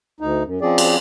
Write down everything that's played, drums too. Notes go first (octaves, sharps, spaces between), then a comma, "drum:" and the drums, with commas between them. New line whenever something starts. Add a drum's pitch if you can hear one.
D2 D#4
F#2
F3 C4 C#4 G#4 D5
drum: cymbal